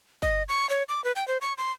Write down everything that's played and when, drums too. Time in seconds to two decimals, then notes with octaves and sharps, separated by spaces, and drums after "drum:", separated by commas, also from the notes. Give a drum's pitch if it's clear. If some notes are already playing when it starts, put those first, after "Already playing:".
0.22 D#5, drum: kick
0.49 C#6
0.70 C#5
0.89 D6
1.04 B4
1.16 G5
1.28 C5
1.41 C#6
1.58 C6